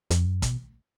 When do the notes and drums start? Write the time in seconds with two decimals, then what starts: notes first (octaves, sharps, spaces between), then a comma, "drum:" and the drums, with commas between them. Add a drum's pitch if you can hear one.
0.11 F2, drum: hi-hat
0.26 F#2
0.42 B2, drum: kick, hi-hat